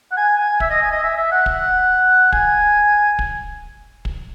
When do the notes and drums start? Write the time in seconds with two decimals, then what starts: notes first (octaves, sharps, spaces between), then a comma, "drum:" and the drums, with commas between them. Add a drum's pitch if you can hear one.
0.11 F#5
0.17 G#5
0.37 G#5
0.60 E5, drum: kick
0.70 D#5
0.81 G#5
0.92 D#5
1.03 E5
1.17 E5
1.31 F#5
1.46 drum: kick
2.32 G#5, drum: kick
3.19 drum: kick
4.05 drum: kick